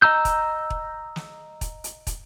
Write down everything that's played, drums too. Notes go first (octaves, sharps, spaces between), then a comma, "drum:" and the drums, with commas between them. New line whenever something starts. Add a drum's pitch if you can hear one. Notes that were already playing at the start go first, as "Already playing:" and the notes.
D#5 A#5 E6 G6
drum: kick, hi-hat
drum: kick
drum: snare
drum: kick, hi-hat
drum: hi-hat
drum: kick, hi-hat